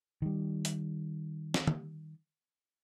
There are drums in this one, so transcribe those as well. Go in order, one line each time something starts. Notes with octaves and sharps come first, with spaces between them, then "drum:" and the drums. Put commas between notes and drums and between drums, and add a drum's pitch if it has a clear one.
D#3 G3
drum: hi-hat
drum: snare
drum: tom